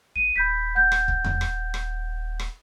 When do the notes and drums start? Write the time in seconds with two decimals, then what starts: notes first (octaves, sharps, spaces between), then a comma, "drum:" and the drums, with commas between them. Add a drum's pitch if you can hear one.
0.16 A1 D#7
0.36 D#1 B5 G6 B6
0.75 F#5 G6
0.92 drum: rim click
1.08 drum: kick
1.24 drum: tom E2
1.41 drum: rim click
1.74 drum: rim click
2.39 drum: rim click